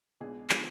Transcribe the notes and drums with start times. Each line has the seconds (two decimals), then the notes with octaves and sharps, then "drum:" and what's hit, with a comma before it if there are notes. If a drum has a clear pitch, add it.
0.20 B1 B2 G#3 D4 G#4
0.50 D3 F3 G#3 B3, drum: clap